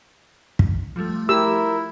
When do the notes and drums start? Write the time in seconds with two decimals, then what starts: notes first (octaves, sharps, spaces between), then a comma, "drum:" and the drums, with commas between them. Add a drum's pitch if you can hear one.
0.59 drum: kick
0.96 F3 G3 A3
1.29 E4 G4 A#4 E6